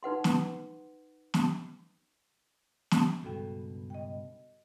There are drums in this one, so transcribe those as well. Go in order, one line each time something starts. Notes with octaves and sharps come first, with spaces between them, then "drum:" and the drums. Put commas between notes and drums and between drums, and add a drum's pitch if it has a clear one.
D#4 B4 F#5 C6
drum: snare
drum: snare
drum: snare
C#2 G2 B2 F#4 A4 G5
D#5 G5